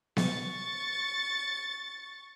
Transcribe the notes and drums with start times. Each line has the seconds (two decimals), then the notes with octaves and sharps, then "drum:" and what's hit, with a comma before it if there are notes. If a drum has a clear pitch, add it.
0.17 C#6 A6, drum: snare B3